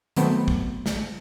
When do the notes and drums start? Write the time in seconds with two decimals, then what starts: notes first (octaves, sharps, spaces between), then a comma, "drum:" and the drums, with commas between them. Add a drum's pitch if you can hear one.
0.17 D#3 F#3 A3 B3 C4, drum: hi-hat
0.48 drum: kick A#1
0.86 drum: snare